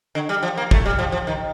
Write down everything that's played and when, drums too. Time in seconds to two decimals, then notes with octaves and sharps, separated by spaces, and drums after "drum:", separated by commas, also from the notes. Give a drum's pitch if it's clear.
0.15 D3
0.29 G3
0.43 F3
0.57 A#3
0.71 A3, drum: kick
0.86 G3
0.99 F3
1.12 F3
1.27 D#3